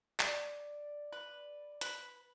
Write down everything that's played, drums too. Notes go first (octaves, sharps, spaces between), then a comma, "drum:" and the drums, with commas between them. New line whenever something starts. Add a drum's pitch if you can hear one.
D5, drum: clap
B4
B4, drum: hi-hat